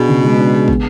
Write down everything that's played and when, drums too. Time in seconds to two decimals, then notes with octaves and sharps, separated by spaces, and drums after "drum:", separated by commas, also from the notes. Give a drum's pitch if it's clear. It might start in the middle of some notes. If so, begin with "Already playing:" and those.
Already playing: B2 D4 G#4
0.09 C#3
0.23 G#3
0.38 D4
0.53 G#4
0.68 B3, drum: kick